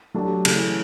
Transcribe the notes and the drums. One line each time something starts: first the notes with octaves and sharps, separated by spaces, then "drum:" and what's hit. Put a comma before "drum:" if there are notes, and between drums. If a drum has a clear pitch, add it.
F#3 A3 D4 G4
C#3 E3 A3, drum: cymbal